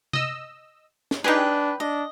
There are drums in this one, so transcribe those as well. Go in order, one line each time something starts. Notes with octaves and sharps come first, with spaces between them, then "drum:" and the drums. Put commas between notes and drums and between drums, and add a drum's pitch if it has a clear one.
D#5 E6, drum: tom C3
drum: snare
D4 D#4 G4 G#4 B4 G5
D4 D#5